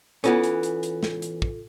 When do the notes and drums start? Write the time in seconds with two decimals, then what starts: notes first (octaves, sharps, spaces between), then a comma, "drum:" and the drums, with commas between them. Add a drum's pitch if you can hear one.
0.24 E3 B3 C#4 F4 A4, drum: hi-hat
0.43 drum: hi-hat
0.63 drum: hi-hat
0.83 drum: hi-hat
1.03 drum: snare
1.22 drum: hi-hat
1.42 drum: kick